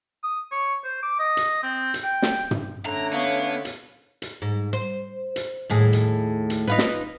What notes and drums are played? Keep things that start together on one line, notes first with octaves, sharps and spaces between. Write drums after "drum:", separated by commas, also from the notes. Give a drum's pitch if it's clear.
D#6
C#5
C5
D6
D#5
drum: hi-hat
C4
drum: hi-hat
G5
drum: snare
drum: tom
D3 A3 C#4 A#5
B3 C#5 F5
drum: hi-hat
drum: hi-hat
G#2
C5
drum: hi-hat
D#2 A2 G#4
drum: hi-hat
drum: hi-hat
D#4 F4 B4
drum: snare